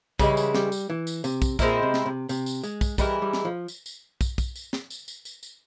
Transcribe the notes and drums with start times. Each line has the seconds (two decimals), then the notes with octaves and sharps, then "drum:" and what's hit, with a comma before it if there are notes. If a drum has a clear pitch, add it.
0.19 C#3 E3 G3 G#3 E4, drum: kick, tambourine
0.37 drum: tambourine
0.55 G3, drum: snare
0.72 drum: tambourine
0.90 E3
1.07 drum: tambourine
1.24 C3, drum: tambourine
1.42 drum: kick, tambourine
1.59 A#2 G#3 C4 E4 A#4, drum: kick, tambourine
1.82 C3
1.94 drum: snare
2.06 C3
2.29 C3, drum: tambourine
2.46 drum: tambourine
2.63 G#3, drum: tambourine
2.81 drum: kick, tambourine
2.98 E3 G3 G#3 E4 A#4, drum: kick, tambourine
3.22 G3
3.33 drum: snare
3.45 F3
3.68 drum: tambourine
3.86 drum: tambourine
4.21 drum: kick, tambourine
4.38 drum: kick, tambourine
4.56 drum: tambourine
4.73 drum: snare
4.90 drum: tambourine
5.08 drum: tambourine
5.25 drum: tambourine
5.43 drum: tambourine